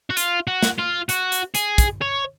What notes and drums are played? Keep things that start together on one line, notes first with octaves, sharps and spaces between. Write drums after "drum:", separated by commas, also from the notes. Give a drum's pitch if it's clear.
F#4
F4, drum: hi-hat
F#4
drum: snare
F4
F#4, drum: hi-hat
drum: hi-hat
G#4, drum: hi-hat
drum: kick, hi-hat
C#5